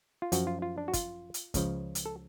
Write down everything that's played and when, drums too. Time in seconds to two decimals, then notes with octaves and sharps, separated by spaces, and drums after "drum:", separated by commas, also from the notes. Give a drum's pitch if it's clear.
0.22 F4
0.32 F#2 F3 F#4, drum: hi-hat
0.47 F4
0.62 F4
0.78 D4
0.88 F#4
0.93 F4, drum: kick, hi-hat
1.34 drum: hi-hat
1.54 C#2 C#3 F3, drum: kick, hi-hat
1.95 drum: hi-hat
2.06 A4